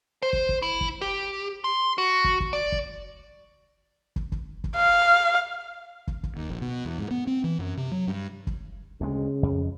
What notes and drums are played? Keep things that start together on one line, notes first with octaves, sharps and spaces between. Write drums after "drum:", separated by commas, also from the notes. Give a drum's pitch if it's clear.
C5
drum: kick
drum: kick
E4
drum: kick
G4
C6
F#4
drum: kick
drum: kick
D5
drum: kick
drum: kick
drum: kick
drum: kick
F5
drum: kick
drum: kick
D#2
A#1
B2
E2
G#2
B3
C4
E3
F#2
C3
F#3
G2
drum: kick
D2 C#3 G#3
F2